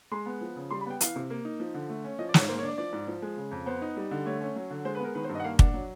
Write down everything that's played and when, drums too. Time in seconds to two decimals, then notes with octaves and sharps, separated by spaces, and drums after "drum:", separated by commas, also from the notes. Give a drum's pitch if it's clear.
0.11 G#3 C6
0.26 B3
0.41 F3
0.56 C#3
0.71 G3 C6
0.81 B5
0.86 B3 G5
1.01 E3 F5, drum: hi-hat
1.16 C3
1.30 A#3
1.45 D#4
1.60 F3
1.74 D3
1.89 A3
2.05 C#4
2.19 F3 D#5
2.29 D5
2.34 G#2 C#5, drum: snare
2.48 A#3 C5
2.59 C#5
2.63 D4 D5
2.78 F3 D5
2.93 G#2
3.07 F3
3.22 G#3
3.37 C#3
3.51 F2
3.66 B3 C5
3.82 D#4
3.97 G3
4.11 D3
4.25 A3 C#5
4.41 C#4
4.56 F#3
4.70 D3
4.85 G#3 C5
4.95 B4
5.00 B3 A#4
5.15 D#3 B4
5.24 C5
5.30 G2
5.35 D#5
5.40 F#5
5.44 A#3 F5
5.59 D4 F#5, drum: kick
5.74 F#3